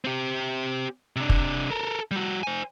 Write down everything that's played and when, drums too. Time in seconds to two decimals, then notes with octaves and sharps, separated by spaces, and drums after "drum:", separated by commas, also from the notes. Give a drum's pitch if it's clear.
0.05 C4 G4
1.16 C3 D4
1.29 drum: kick
1.71 A4 A#4
2.11 G3 F#4
2.43 C5 G#5